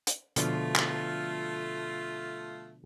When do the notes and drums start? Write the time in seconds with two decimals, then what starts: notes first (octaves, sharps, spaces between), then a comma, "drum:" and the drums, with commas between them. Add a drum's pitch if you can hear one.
0.07 drum: hi-hat
0.36 B2 D3 F3 A3 F4, drum: hi-hat
0.75 drum: clap